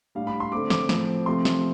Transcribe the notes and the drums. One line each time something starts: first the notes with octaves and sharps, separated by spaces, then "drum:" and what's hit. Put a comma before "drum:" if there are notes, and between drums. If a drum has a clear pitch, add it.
A2 G3 D4 F5
B5
C6
D3 A3 C4 D6
D6, drum: snare
A2 F3 A3 C4, drum: snare
C3 F3 A3 C4 C6
drum: snare